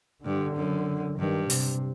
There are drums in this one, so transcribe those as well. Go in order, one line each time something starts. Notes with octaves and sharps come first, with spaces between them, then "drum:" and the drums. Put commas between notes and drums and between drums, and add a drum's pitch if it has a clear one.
G2 D3
F#2
G2 D#3
C3, drum: open hi-hat